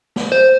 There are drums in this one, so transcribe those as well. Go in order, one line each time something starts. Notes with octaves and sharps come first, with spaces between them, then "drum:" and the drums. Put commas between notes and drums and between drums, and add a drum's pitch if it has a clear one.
drum: snare
C5